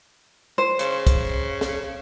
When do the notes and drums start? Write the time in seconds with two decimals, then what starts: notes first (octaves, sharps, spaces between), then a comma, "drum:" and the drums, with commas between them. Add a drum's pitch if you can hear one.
0.58 C5
0.79 C#3, drum: hi-hat
1.07 drum: kick, hi-hat
1.61 drum: snare